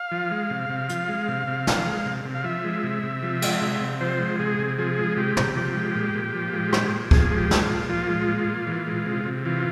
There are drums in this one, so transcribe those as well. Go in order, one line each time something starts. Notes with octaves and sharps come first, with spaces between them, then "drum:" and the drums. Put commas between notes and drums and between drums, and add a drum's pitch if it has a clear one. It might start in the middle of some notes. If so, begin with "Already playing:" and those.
Already playing: F5
F3
G#3
C3
C3
F3, drum: hi-hat
G#3
C3
C3
F3, drum: snare
G#3
C3
C3
F5
F3 E5
G#3
C3
C3
F3
G#3, drum: cymbal
C3
C3
F3 C5
G#3
C3 G#4
C3
F3 G#4
G#3
C3 G4
C3, drum: tom
F3
G#3
A#2
A#2
F3
G#3
A#2, drum: rim click
A#2
F3 G#4, drum: kick C#2
G#3
G4
A#2, drum: snare
F4
A#2
F3 F4
G#3
A#2
A#2
E3
G#3
C3
C3
E3 F4